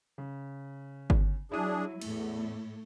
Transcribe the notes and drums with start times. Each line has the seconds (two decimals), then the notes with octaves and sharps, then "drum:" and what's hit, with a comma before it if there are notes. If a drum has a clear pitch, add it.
0.18 C#3
1.10 drum: kick G1
1.52 F#3 D4 E4 G#4 D#7
2.02 E2 A2 A3, drum: cymbal